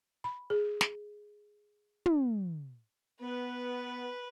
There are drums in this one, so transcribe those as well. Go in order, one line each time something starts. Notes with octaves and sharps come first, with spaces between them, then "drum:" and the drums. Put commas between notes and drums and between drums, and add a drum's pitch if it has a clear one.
B5
G#4
drum: snare
drum: tom
B3 B4